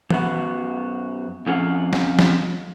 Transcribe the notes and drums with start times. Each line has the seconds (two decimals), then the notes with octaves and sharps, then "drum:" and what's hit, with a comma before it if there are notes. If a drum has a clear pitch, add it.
0.10 F#2 B3 F#4, drum: tom E3
1.46 F2 C#4 F4 F#5
1.93 drum: snare
2.19 drum: snare